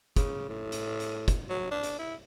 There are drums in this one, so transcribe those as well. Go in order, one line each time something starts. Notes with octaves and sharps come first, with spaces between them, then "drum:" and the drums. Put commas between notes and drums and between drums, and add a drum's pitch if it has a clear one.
C#3, drum: kick, hi-hat
A2
drum: hi-hat
drum: hi-hat
drum: kick, hi-hat
F#3
D4
drum: hi-hat
E4